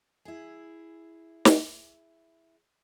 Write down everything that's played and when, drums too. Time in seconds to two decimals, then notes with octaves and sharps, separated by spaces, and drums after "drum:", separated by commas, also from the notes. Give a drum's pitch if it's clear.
0.25 E4 G#4
1.45 drum: snare